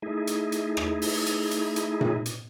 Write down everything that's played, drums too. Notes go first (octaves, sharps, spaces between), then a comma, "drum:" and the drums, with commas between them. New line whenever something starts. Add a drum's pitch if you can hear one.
A3 D#4 E4 G#4
drum: hi-hat
drum: hi-hat
drum: rim click
drum: open hi-hat
drum: hi-hat
drum: hi-hat
drum: hi-hat
drum: tom A#2
drum: hi-hat